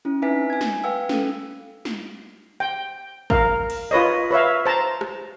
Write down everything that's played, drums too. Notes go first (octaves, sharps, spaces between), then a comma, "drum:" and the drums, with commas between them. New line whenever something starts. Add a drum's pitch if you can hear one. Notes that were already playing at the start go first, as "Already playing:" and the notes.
C#4 E4
C4 D#4 B4 E5 G#5 B6
G#5 G#6
drum: snare
B4 F5 G5 E6
C#4 A4, drum: snare
drum: snare
G5
A#4 F5, drum: kick A1
drum: cymbal
F4 B4 C#5 D#5
B4 C#5 E5 F5
C5 A5 A#5
drum: rim click